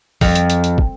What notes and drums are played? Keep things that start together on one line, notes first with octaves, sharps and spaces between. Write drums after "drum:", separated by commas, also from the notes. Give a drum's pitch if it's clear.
F2, drum: kick, open hi-hat
drum: hi-hat
drum: hi-hat
drum: hi-hat
drum: kick